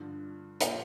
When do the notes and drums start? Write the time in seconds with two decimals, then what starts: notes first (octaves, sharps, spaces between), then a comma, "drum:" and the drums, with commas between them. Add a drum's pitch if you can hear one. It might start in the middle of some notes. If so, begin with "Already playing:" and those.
Already playing: G2 D3 F3 F4
0.61 A#2 F3 G4, drum: hi-hat